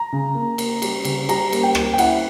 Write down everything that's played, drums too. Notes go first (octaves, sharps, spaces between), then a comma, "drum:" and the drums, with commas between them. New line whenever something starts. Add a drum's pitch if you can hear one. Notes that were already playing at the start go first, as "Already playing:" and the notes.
Already playing: A#5
C#3
A#3
A#3, drum: cymbal
G3, drum: cymbal
C#3, drum: cymbal
G3 A#5, drum: cymbal
A#3, drum: cymbal
G5
A#3, drum: rim click
G5
E4 F#5, drum: cymbal